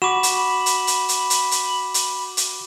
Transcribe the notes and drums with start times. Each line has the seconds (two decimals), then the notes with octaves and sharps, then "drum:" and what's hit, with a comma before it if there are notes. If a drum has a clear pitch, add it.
0.02 F#4 B5 D6 E7
0.23 drum: hi-hat
0.66 drum: hi-hat
0.87 drum: hi-hat
1.09 drum: hi-hat
1.30 drum: hi-hat
1.51 drum: hi-hat
1.94 drum: hi-hat
2.37 drum: hi-hat